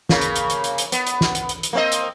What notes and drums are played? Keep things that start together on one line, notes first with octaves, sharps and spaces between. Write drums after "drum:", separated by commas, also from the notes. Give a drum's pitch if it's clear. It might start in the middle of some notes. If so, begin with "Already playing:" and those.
C#3 A#3, drum: snare
drum: hi-hat
drum: hi-hat
drum: hi-hat
drum: hi-hat
drum: hi-hat
B3, drum: hi-hat
drum: hi-hat
drum: snare
drum: hi-hat
drum: hi-hat
drum: hi-hat
A#3 C4 D#5
drum: hi-hat